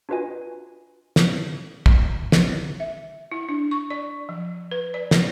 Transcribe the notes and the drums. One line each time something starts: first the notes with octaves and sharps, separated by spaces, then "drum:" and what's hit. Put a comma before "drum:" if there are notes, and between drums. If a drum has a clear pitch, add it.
D4 F4 F#4 B4 D#5 G#5
drum: snare
drum: kick
drum: snare
E5
E4
D4
C#6
D5
F3
B4
D5
drum: snare